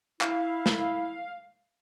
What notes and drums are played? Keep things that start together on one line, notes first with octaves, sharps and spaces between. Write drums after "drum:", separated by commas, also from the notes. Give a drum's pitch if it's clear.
E4 F5, drum: clap
drum: snare